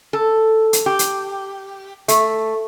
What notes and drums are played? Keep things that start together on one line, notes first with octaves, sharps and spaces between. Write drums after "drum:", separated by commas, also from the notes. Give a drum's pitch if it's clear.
A4
drum: hi-hat
G4
drum: hi-hat
A3, drum: hi-hat